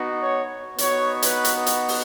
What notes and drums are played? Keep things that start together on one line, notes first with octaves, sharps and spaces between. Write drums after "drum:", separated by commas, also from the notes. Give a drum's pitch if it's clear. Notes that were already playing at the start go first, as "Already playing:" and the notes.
Already playing: B3 D#4 F#4
C#5
B3 D#4 F#4 C#5, drum: hi-hat
B4, drum: hi-hat
drum: hi-hat
drum: hi-hat
drum: open hi-hat